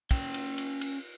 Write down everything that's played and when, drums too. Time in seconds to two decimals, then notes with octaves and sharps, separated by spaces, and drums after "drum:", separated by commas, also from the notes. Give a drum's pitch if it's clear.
0.11 C#4 G5, drum: kick, cymbal
0.34 drum: cymbal
0.58 drum: cymbal
0.81 drum: cymbal